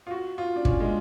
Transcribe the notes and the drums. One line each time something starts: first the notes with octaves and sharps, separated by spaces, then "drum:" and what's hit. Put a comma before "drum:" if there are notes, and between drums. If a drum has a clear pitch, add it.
F4
F#4
F4
D4
C#4, drum: kick
G#3